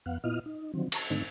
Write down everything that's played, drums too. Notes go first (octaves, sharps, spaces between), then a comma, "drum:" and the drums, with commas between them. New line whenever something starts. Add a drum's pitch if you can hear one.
F2 B3 F5 F#5
A#2 B3 E4 F4 D#5 F6
D#4
D3 D#3 F3 F#3 C4
A5 A#5 C#6, drum: cymbal
G#2 D3 D#3 A3 C4 D#4